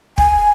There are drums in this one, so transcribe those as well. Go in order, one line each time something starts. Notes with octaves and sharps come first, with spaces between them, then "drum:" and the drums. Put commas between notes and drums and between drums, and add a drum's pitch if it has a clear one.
G#5, drum: kick